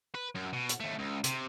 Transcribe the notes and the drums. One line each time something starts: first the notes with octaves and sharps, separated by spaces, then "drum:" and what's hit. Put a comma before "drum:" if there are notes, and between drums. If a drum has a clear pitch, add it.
B4
F#2
B2
drum: hi-hat
D#2 A3
C#2
C3, drum: hi-hat